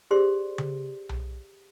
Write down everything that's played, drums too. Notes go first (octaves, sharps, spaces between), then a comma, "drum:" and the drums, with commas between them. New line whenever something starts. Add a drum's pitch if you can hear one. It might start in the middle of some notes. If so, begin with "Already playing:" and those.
G4 G#4 C5 D5 C6
drum: tom C#3
drum: tom B1